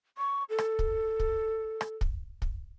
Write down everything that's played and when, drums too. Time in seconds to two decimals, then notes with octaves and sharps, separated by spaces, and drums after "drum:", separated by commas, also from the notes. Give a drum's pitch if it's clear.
0.18 C#6
0.49 A4
0.58 drum: rim click
0.79 drum: kick
1.20 drum: kick
1.81 drum: rim click
2.01 drum: kick
2.42 drum: kick